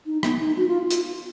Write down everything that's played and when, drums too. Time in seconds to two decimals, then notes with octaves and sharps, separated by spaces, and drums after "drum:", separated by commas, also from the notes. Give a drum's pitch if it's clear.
0.06 D#4
0.23 B3, drum: rim click
0.40 D#4
0.57 F#4
0.68 F4
0.91 drum: hi-hat